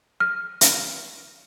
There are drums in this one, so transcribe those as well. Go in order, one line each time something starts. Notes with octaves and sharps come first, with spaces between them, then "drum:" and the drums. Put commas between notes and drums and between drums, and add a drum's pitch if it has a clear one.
F6
drum: hi-hat